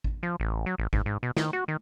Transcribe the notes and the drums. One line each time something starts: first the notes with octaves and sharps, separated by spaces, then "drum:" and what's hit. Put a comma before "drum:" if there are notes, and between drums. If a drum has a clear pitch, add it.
drum: kick G#1
F3
A1
F#3
A1
G#2, drum: kick G#1
G#2
B2
D#3, drum: snare
F#4
D#3